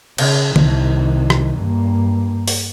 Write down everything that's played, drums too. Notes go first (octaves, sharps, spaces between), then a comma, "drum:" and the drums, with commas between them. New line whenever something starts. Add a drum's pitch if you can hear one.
C#3, drum: cymbal
C2 D#3, drum: tom D3
drum: rim click
G2 A#3
drum: open hi-hat